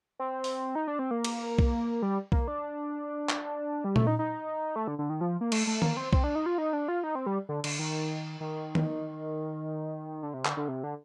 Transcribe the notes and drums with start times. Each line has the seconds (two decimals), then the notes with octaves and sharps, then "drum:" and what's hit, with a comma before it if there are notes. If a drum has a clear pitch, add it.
0.19 C4
0.44 drum: open hi-hat
0.75 D#4
0.87 D4
0.99 C4
1.11 A#3
1.24 drum: cymbal
1.59 drum: kick B1
2.02 G3
2.32 A#3, drum: kick B1
2.48 D4
3.29 drum: clap
3.84 G3
3.96 A3, drum: tom A#2
4.07 D#4
4.19 D#4
4.76 A3
4.88 D3
4.99 D3
5.10 D#3
5.21 F3
5.41 A#3
5.52 A3, drum: cymbal
5.67 A3
5.82 A#3, drum: tom D#3
5.97 C4
6.13 C4, drum: kick B1
6.24 D4
6.35 D#4
6.46 F4
6.58 D#4
6.73 D4
6.88 F4
7.04 D#4
7.15 C4
7.26 G3
7.49 D3
7.64 D3, drum: cymbal
7.79 D#3
8.40 D#3
8.75 drum: tom D#3
10.23 D3
10.34 C3
10.45 D3, drum: clap
10.57 D3
10.68 C3
10.84 D3